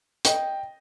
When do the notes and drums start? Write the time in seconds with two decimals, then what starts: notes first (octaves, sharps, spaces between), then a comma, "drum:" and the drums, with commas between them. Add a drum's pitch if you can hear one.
0.25 D#5 G5, drum: hi-hat